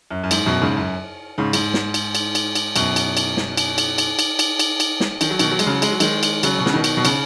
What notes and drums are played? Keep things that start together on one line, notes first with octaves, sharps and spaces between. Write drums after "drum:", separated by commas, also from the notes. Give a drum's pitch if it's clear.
F#2
F#2
G#2, drum: cymbal
F#2 B2
G#2 C#3
F#2
G#2 C#3
G#2, drum: cymbal
drum: snare
drum: cymbal
drum: cymbal
drum: cymbal
drum: cymbal
F#2 B2, drum: cymbal
drum: cymbal
drum: cymbal
drum: snare
drum: cymbal
drum: cymbal
drum: cymbal
drum: cymbal
drum: cymbal
drum: cymbal
drum: cymbal
drum: snare
D#3, drum: cymbal
F#3
B2 D#3, drum: cymbal
F#3
G#3, drum: cymbal
C#3 F#3
G#3, drum: cymbal
F#3
D#3 G#3, drum: cymbal
drum: cymbal
C#3 F#3, drum: cymbal
B2
C#3, drum: snare
B2 D#3
drum: cymbal
B2
C#3, drum: cymbal